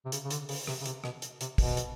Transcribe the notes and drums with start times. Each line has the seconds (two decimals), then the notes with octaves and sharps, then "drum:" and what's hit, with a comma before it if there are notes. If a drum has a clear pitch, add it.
0.05 C3
0.12 C#3, drum: hi-hat
0.24 C#3
0.30 D3, drum: hi-hat
0.49 C#3, drum: open hi-hat
0.67 C3, drum: rim click
0.81 C#3
0.86 C3, drum: hi-hat
1.04 B2, drum: rim click
1.22 drum: hi-hat
1.41 C3, drum: hi-hat
1.58 B2, drum: kick, open hi-hat
1.77 drum: hi-hat